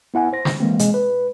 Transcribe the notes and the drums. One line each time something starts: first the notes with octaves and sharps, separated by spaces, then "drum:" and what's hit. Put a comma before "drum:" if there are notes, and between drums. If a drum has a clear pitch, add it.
B3 E4 F#5 G#5
C5 A#6
drum: snare
E3 G#3 A#3 C4
B2 G#3, drum: hi-hat
B4